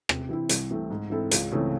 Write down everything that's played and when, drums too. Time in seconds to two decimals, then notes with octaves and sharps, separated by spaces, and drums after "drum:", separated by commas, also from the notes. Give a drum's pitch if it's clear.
0.09 C3, drum: rim click
0.29 E3 C4 E4
0.49 C2, drum: hi-hat
0.70 C3 E3 A3 C4
0.90 G#2
1.10 E3 C4 E4 A4
1.31 C#2, drum: hi-hat
1.52 C#3 E3 A3 C4